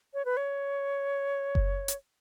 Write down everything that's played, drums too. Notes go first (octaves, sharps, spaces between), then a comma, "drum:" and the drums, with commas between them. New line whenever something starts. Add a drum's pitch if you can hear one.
C#5
B4
C#5
drum: kick F#1
drum: hi-hat